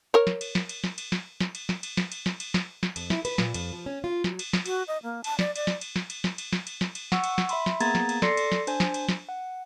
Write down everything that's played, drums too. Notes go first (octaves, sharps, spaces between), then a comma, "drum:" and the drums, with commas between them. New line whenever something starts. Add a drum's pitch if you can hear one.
A#4 C#5
drum: snare
drum: cymbal
drum: snare
drum: cymbal
drum: snare
drum: cymbal
drum: snare
drum: snare
drum: cymbal
drum: snare
drum: cymbal
drum: snare
drum: cymbal
drum: snare
drum: cymbal
drum: snare
drum: snare
F2, drum: cymbal
E4, drum: snare
B4, drum: cymbal
A#2, drum: snare
F2, drum: cymbal
F3
C#4
F4
F#3, drum: snare
drum: cymbal
drum: snare
F#4, drum: cymbal
D#5
A#3
A5, drum: cymbal
D5, drum: snare
D5, drum: cymbal
drum: snare
drum: cymbal
drum: snare
drum: cymbal
drum: snare
drum: cymbal
drum: snare
drum: cymbal
drum: snare
drum: cymbal
F#5 C#6 E6, drum: snare
drum: cymbal
drum: snare
E5 B5 C6, drum: cymbal
drum: snare
A#3 B3 G#4 A#5 G#6 A6, drum: cymbal
drum: snare
drum: cymbal
A4 D5 C6 A#6 C7 C#7, drum: snare
drum: cymbal
drum: snare
D4 C5 G#5, drum: cymbal
drum: snare
drum: cymbal
drum: snare
F#5